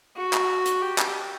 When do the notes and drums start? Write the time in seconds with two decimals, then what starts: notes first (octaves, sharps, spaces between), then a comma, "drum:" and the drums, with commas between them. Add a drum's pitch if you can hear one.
0.16 F#4
0.33 drum: clap
0.66 drum: hi-hat
0.81 G4
0.98 drum: clap